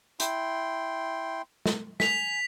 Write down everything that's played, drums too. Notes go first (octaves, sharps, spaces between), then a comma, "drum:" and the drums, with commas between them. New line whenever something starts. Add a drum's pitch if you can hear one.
E4 G5 C6, drum: hi-hat
drum: snare
G#5 B6 F7, drum: snare